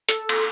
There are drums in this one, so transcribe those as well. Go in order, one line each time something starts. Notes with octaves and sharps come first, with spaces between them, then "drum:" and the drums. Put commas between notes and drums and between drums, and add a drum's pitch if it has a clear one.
A4, drum: hi-hat
drum: cymbal